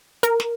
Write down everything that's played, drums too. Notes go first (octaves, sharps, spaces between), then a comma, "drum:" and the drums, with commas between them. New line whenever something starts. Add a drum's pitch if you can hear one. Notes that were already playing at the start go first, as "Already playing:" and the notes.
A#4, drum: hi-hat
drum: snare